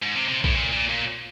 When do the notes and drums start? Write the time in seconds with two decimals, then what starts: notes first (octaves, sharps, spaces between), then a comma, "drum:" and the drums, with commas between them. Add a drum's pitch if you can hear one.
0.03 G#2
0.16 C3
0.28 C3
0.44 A2, drum: kick A#1
0.55 A#2
0.72 A#2
0.89 A#2